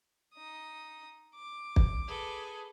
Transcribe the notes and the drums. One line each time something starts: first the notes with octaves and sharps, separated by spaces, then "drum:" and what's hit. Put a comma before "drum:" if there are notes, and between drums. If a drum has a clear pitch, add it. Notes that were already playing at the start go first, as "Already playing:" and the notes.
D#4 D#6
D6
drum: kick
G#4 A4 B4